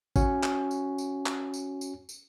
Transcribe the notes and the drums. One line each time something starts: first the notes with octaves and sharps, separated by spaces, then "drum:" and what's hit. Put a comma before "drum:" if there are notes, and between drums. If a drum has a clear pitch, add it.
C#4 F#4, drum: kick, tambourine
drum: clap
drum: tambourine
drum: tambourine
drum: clap
drum: tambourine
drum: tambourine
drum: tambourine